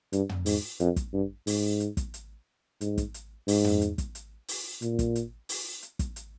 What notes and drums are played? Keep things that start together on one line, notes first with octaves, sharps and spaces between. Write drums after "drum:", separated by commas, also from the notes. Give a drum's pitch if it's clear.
G2, drum: hi-hat
drum: tom
G#2, drum: open hi-hat
F2, drum: hi-hat
drum: kick, hi-hat
G2
G#2, drum: open hi-hat
drum: hi-hat
drum: kick, hi-hat
drum: hi-hat
G#2, drum: hi-hat
drum: kick, hi-hat
drum: hi-hat
G#2, drum: open hi-hat
drum: tom
drum: hi-hat
drum: kick, hi-hat
drum: hi-hat
drum: open hi-hat
A#2, drum: hi-hat
drum: kick, hi-hat
drum: hi-hat
drum: open hi-hat
drum: hi-hat
drum: kick, hi-hat
drum: hi-hat